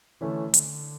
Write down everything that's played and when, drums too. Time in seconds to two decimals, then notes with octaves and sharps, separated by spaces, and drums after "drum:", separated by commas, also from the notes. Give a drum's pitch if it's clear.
0.21 D3 E3 A3 C#4
0.54 D3, drum: hi-hat